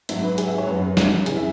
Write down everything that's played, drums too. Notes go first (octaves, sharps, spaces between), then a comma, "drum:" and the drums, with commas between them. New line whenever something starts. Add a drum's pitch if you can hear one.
G#2 F#3 E5, drum: hi-hat
B4
G#4, drum: hi-hat
E5
C#5
F#2 F#3 B4
drum: snare
C#3 E3 G#4, drum: hi-hat
E5